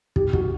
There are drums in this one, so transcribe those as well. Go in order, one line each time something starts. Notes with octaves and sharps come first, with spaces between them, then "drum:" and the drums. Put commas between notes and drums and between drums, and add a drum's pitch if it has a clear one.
G4, drum: kick
F#4, drum: kick